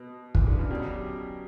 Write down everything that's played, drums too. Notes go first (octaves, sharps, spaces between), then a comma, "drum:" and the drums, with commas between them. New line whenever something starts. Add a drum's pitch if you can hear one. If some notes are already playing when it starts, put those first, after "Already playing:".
Already playing: B2 B3
E3, drum: kick
D3
C#3
B2 F#3 C#4 G4 D5